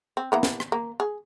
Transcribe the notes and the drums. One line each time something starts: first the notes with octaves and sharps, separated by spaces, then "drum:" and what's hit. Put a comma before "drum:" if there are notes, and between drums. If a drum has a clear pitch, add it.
C4
E3 A#3 B3
drum: snare
drum: rim click
A#3
G#4